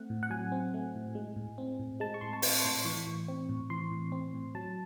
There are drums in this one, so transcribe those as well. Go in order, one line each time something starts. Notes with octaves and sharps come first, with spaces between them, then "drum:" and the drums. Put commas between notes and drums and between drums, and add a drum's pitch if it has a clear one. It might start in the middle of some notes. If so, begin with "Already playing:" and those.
Already playing: A3 C4 F#5
A2
F#5
F#3 G#5
C4
A3
A2
G#3
A2
C4
A2
G#3 A5
C#6
A2 C6
A5
C4 C6, drum: open hi-hat
A2 C6
E3 C#6
A2
C4
A2
E3 C6
A2
C4
A2
F#3 A5